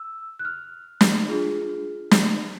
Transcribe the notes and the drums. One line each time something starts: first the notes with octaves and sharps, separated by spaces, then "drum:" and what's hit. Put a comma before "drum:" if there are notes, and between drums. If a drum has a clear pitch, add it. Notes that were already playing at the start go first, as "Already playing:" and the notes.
Already playing: E6
F#6
F6
drum: snare
D4 F4 G#4
drum: snare